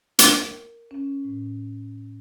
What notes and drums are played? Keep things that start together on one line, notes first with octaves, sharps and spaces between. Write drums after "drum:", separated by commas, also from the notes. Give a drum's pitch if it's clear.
A#4, drum: hi-hat
C#4
A2